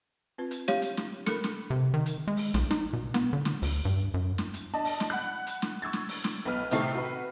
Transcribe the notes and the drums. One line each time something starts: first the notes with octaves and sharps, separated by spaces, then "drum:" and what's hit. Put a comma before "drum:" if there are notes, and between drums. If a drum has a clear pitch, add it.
C4 F4 B4
drum: hi-hat
G4 C#5 F5, drum: snare
drum: hi-hat
drum: snare
A4 A#4 B5 C#7, drum: snare
drum: snare
C3
D#3
drum: hi-hat
G#3
drum: open hi-hat
B1, drum: snare
D#4, drum: snare
B2
B3, drum: snare
D3
drum: snare
D2, drum: open hi-hat
G2
F#2
drum: snare
drum: hi-hat
D4 D#5 A5
drum: open hi-hat
drum: snare
F#5 B5 F#6
drum: hi-hat
drum: snare
C#6 E6 G#6 A6
drum: snare
drum: open hi-hat
drum: snare
B1 B4 F6
A2 C3 D#3 A3 C4 C7, drum: hi-hat
F#4 B4